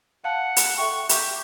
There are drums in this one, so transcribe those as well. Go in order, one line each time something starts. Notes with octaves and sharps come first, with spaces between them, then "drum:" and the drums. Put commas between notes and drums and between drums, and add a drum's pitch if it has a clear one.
F5 F#5 A5
drum: hi-hat
A4 E5 G5 C#6
G4 E5, drum: hi-hat